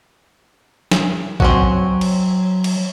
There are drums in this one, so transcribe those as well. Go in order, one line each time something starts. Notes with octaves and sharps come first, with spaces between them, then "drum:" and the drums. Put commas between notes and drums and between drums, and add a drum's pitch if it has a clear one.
drum: snare
F#3 C4 C#4 F#4, drum: kick A1
drum: cymbal
drum: cymbal